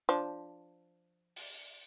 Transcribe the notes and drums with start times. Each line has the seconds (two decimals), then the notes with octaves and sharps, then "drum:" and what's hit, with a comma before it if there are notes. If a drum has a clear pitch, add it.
0.09 F3 D4
1.36 drum: open hi-hat